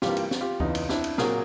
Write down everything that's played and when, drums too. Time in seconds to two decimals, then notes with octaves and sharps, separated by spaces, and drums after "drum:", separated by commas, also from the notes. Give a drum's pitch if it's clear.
0.02 G2 E3 G3 A#3 F4 G4, drum: snare
0.17 drum: cymbal
0.31 drum: snare
0.41 F4 G4
0.60 E2 C#3 E3 D#4 F4, drum: kick C#2
0.75 drum: cymbal
0.89 D4 E4, drum: snare
1.04 drum: cymbal
1.18 A#2 F#3 A#3 G#4 A#4, drum: snare